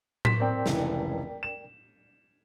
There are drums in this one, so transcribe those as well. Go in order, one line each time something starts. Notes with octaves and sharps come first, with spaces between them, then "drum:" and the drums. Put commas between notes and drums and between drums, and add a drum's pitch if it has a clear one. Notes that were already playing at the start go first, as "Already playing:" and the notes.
C6 B6 E7, drum: tom A2
C4 A#4 D5 G5
F1 C#2 E3, drum: snare
E7